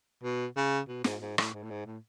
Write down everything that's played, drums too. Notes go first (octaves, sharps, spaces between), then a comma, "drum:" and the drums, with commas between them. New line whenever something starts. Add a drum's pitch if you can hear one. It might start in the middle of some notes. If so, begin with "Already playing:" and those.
B2
C#3
B2
G#2, drum: snare
G#2
A2, drum: rim click
G#2
A2
G#2
A2